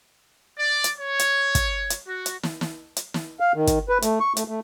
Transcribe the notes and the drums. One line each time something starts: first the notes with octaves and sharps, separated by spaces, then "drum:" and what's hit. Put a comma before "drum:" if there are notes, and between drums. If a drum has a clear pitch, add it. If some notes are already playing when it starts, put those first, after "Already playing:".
D5
drum: hi-hat
C#5
drum: hi-hat
drum: kick, hi-hat
drum: hi-hat
F#4
drum: hi-hat
drum: snare
drum: snare
drum: hi-hat
drum: snare
F5
D#3
drum: kick, hi-hat
B4
A3, drum: hi-hat
C#6
A3, drum: hi-hat
A3